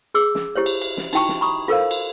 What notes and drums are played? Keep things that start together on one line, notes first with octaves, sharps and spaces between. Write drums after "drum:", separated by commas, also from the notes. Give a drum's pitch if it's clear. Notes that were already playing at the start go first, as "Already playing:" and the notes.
G#4 D6 E6
drum: snare
E4 G4 C5 C#5
drum: cymbal
drum: cymbal
drum: snare
D#4 E4 F#4 G5 A5 C#6, drum: cymbal
drum: snare
A#5 B5 C#6 D#6
F4 A4 A#4 C5 F5
drum: cymbal